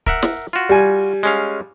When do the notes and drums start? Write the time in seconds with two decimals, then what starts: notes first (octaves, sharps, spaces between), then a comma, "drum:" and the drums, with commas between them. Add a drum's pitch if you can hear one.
0.06 A#4 E5 F#5, drum: kick
0.23 drum: snare
0.53 F4 F#4
0.69 G3 G#5
1.23 G#3 C#4 F5